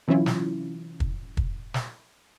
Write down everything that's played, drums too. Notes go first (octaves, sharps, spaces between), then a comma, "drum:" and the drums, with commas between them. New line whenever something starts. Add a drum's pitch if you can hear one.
C3 E3 F#3 C#4 E4 F4
drum: snare
drum: kick
drum: kick
drum: snare